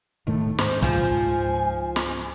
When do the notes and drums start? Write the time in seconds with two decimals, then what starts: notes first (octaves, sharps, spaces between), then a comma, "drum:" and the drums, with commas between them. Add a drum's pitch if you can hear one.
0.27 D1 A2 D#3 A3
0.58 G#2 C5, drum: snare
0.82 C#2 F3 G#5, drum: kick
1.96 drum: snare